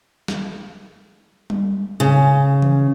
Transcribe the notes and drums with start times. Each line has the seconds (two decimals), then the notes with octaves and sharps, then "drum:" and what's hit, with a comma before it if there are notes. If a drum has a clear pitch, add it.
0.28 drum: snare
1.50 drum: tom G3
2.00 C#3
2.62 drum: tom E3